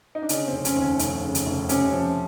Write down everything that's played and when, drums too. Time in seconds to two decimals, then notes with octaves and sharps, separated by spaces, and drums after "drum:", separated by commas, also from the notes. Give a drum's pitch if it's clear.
0.15 D#4
0.23 D4
0.29 C#3 C#4, drum: hi-hat
0.47 F1 C4
0.65 C#4, drum: hi-hat
0.76 D#2
0.81 C#4
0.99 F1, drum: hi-hat
1.23 C#3
1.35 drum: hi-hat
1.46 F1
1.69 C3 C#4, drum: hi-hat
1.93 F3